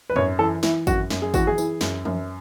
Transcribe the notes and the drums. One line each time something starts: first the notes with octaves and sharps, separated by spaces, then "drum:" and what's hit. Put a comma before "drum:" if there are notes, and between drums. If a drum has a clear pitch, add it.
B4
F#2 C#5, drum: tom G#2
E3 A4
E3 E4, drum: snare
F#2 F#4, drum: kick G#1, tambourine
F#2, drum: snare
G#4
E3 F#4, drum: kick G#1, tambourine
G#4
E3, drum: tambourine
F#2, drum: snare
F#2, drum: tom E3